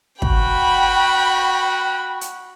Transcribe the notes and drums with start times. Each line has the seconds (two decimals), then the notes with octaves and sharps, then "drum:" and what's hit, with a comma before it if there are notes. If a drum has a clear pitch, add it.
0.22 F#4 G5 B5, drum: kick
2.21 drum: hi-hat